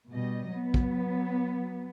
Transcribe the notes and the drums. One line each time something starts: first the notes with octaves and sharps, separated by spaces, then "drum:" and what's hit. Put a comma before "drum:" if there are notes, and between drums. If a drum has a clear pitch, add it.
B2 G3 D#5
F#3 B3
drum: kick